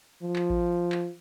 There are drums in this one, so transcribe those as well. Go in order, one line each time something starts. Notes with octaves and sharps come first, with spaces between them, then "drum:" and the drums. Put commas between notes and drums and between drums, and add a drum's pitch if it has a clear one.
F3
drum: clap
drum: kick A1
drum: clap